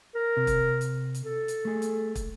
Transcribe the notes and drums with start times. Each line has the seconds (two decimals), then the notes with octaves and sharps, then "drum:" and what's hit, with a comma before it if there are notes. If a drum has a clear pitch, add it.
0.15 A#4
0.37 C3
0.47 drum: kick, hi-hat
0.81 drum: hi-hat
1.15 drum: hi-hat
1.24 A4
1.48 drum: hi-hat
1.65 A3 G#4
1.82 drum: hi-hat
2.15 drum: kick, hi-hat